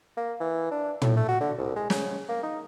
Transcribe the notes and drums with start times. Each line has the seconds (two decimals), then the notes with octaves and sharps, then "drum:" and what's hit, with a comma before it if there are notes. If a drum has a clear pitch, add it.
0.17 A#3
0.40 E3
0.71 D4
1.02 A2, drum: tom
1.17 A3
1.28 F#4
1.41 D3
1.58 C2
1.76 G#3
1.90 C#3, drum: snare
2.29 A#3
2.43 D#4